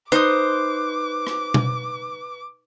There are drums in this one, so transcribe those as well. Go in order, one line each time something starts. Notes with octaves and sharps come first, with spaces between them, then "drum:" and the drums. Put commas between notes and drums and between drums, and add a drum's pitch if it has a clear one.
D#4 B4 C5 D6 D#6
drum: rim click
drum: tom B2